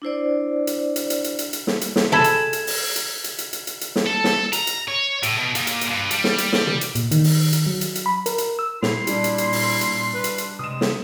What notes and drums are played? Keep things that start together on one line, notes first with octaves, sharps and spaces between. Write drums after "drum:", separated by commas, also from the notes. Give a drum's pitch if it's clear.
D4 E4 C5 D5
drum: hi-hat
drum: hi-hat
drum: hi-hat
drum: hi-hat
drum: hi-hat
drum: hi-hat
drum: snare
drum: hi-hat
drum: snare
G#3 A4 E5 B5 G#6 E7, drum: tom
drum: hi-hat
drum: hi-hat
drum: open hi-hat
drum: hi-hat
drum: hi-hat
drum: hi-hat
drum: hi-hat
drum: hi-hat
drum: hi-hat
drum: snare
A4
drum: snare
A#5, drum: hi-hat
drum: hi-hat
C#5
A2, drum: hi-hat
B2
A#2, drum: hi-hat
drum: hi-hat
drum: hi-hat
G2
G3, drum: hi-hat
drum: snare
drum: hi-hat
drum: snare
drum: tom
drum: hi-hat
A#2, drum: hi-hat
D#3, drum: hi-hat
drum: open hi-hat
drum: hi-hat
F#3
drum: hi-hat
drum: hi-hat
B5
A#4, drum: hi-hat
drum: hi-hat
E6
A#2 E4 C6 F7, drum: snare
G3 D4, drum: hi-hat
drum: hi-hat
drum: hi-hat
drum: open hi-hat
drum: hi-hat
B4
drum: hi-hat
drum: hi-hat
C3 G#3 D#6 E7
drum: snare